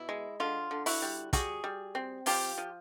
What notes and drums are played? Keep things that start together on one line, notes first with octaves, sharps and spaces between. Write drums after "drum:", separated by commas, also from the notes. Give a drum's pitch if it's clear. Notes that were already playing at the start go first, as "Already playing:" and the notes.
Already playing: B2 E4
G#3
D3 F4
D3
E4 F#4, drum: open hi-hat
G3
G3 F#4 G#4, drum: kick, hi-hat
G3
C4
F3 F4 G4, drum: open hi-hat
F3